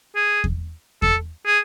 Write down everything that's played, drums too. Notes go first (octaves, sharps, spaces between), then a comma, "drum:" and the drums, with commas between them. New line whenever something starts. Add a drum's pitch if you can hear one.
G#4
drum: kick E2
A4, drum: kick E2
G#4